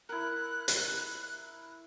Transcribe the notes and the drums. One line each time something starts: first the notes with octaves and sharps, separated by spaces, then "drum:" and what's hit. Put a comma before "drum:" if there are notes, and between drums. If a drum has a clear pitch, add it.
E4 A#4 F#6
drum: hi-hat